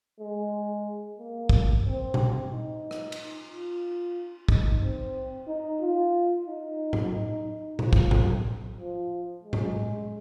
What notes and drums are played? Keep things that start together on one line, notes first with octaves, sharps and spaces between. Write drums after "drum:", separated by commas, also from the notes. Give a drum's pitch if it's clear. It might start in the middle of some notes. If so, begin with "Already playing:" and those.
G#3
A#3
drum: kick
C4
drum: tom A#2
D#4
drum: rim click
drum: cymbal
F4
D#4, drum: kick
C4
D#4
F4
D#4
drum: tom A2
D#4
D#4
F3, drum: tom A#2
drum: kick
drum: tom A2
F3
G#3
drum: tom A2